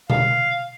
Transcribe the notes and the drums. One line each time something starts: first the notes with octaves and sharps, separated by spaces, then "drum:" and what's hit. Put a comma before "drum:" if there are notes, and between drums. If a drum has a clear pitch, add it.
F5, drum: tom B2